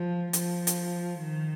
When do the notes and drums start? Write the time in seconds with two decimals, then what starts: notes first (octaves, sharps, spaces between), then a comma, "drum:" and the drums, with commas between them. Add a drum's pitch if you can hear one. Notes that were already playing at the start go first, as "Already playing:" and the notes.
Already playing: F3
0.33 F3, drum: hi-hat
0.67 drum: hi-hat
1.21 D#3